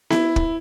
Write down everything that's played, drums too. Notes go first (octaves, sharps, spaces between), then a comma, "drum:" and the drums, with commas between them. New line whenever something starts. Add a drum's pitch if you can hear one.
E4, drum: snare B3
drum: kick